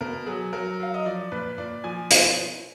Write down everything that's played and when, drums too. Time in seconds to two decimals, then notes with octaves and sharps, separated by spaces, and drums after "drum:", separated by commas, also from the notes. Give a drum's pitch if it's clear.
0.01 B2 A#4
0.26 F#3 G#4
0.53 F#3 A#4
0.79 F#3 F5
0.94 D#5
1.05 F3 D5
1.32 A#2 B4
1.58 A#2 D5
1.84 F3 G#5
2.11 B2, drum: hi-hat